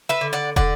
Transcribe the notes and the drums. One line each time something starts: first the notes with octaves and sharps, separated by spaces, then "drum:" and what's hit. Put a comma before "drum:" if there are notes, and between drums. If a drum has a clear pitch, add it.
B4 E5
D3
D5 F#5
D3 D5 F#5, drum: kick